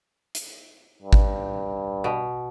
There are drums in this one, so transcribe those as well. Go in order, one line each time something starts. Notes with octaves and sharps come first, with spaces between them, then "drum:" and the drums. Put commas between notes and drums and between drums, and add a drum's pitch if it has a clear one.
drum: hi-hat
G2
drum: kick G#1
B2